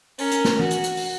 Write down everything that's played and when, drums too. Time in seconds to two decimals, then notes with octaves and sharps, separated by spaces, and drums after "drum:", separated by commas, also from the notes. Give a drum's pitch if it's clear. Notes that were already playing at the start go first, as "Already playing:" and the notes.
0.19 C#4 A#4, drum: open hi-hat
0.32 drum: hi-hat
0.45 drum: snare
0.59 F#4, drum: tom E3
0.71 drum: hi-hat
0.84 drum: hi-hat
0.97 drum: open hi-hat